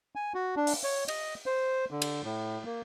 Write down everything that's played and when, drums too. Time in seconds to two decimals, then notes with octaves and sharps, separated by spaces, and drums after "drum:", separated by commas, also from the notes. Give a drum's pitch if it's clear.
0.15 G#5
0.34 F#4
0.56 D4
0.67 drum: open hi-hat
0.83 C#5
1.08 D#5, drum: cymbal
1.46 C5
1.91 D3
2.02 drum: cymbal
2.24 A2
2.65 A#3